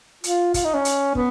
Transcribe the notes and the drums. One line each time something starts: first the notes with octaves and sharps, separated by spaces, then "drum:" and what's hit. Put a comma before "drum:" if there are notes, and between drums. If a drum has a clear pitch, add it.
F4, drum: hi-hat
F4, drum: kick, hi-hat
D#4
C#4
drum: hi-hat
B3, drum: kick